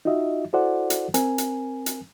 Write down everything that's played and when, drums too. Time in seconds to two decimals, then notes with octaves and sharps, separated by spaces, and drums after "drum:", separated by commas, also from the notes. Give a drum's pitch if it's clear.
0.05 D#4 F4 F#4 D#5 E5
0.53 E4 F#4 A4 C5 D5 F#5
0.90 drum: hi-hat
1.14 C4 A#4 G#5, drum: hi-hat
1.38 drum: hi-hat
1.86 drum: hi-hat